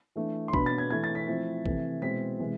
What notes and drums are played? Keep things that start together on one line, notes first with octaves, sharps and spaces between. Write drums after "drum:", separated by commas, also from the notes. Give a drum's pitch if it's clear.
E3 A3 D4
C6
B2 B3 D4 B5, drum: kick
A6
G#6
E3 A3 E4 G#6
A6
B6
F3 A3 C4 E4
C3 E3 A3, drum: kick
B2 G#3 C4 E4 B6
C3 E3 G#3 B3 E4